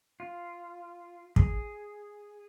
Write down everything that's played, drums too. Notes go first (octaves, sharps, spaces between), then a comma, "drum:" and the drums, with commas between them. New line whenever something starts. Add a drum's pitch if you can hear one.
F4
G#4, drum: kick